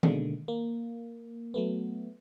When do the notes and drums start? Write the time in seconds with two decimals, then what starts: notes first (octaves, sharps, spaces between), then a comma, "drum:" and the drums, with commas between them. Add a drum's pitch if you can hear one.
0.03 B2 D3 D#3 G#3 A#3, drum: tom D#3
0.48 A#3
1.54 F#3 A3 B3